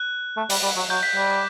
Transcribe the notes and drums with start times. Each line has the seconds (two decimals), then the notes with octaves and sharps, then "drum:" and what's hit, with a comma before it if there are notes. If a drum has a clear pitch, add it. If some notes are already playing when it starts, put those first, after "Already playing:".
Already playing: F#6
0.37 A3
0.50 G3, drum: open hi-hat
0.63 G3
0.76 F#3
0.90 F#3 G6
1.03 B6
1.16 G3 G6
1.31 D6